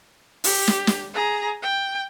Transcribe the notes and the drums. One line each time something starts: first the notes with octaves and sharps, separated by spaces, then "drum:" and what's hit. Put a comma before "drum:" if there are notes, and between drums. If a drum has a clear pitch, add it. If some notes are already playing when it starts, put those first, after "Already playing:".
G4, drum: open hi-hat
drum: snare
drum: snare
G#4 A#5
G5